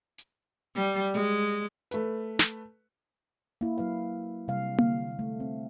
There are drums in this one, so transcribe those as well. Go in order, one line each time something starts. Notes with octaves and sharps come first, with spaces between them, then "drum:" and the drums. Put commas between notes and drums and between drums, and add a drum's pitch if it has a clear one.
drum: hi-hat
G3
G#3
A3 B4, drum: hi-hat
drum: snare
A#3 E4
F#3 E4 B4 F5
C3 G3 F5
D3 F5, drum: tom A#3
A3
C4